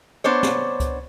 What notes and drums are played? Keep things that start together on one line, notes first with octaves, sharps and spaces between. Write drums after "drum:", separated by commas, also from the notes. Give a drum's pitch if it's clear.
B3 D4 C5 C#5
drum: snare
drum: kick C#2, hi-hat